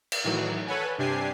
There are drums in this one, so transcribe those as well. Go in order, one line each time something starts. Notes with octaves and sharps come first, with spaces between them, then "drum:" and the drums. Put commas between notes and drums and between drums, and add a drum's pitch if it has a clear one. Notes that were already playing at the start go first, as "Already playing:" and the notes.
drum: cymbal
A2 D#3 E3 F#3
A4 B4 C#5 F#5 G#5
G2 C3 D4 G4 G#5 C7